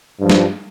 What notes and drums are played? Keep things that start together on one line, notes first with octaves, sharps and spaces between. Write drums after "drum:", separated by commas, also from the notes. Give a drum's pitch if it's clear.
G2 F3
drum: snare